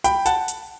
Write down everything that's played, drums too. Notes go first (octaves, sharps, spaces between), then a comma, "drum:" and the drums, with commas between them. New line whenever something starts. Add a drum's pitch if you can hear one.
G5 B5, drum: hi-hat
F#5 A5, drum: hi-hat
drum: hi-hat